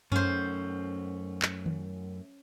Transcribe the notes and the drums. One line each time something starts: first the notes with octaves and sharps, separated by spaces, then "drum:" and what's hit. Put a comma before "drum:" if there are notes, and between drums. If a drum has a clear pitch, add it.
F#2 A3 C#4 C5, drum: tom F#2
drum: clap
drum: tom D#3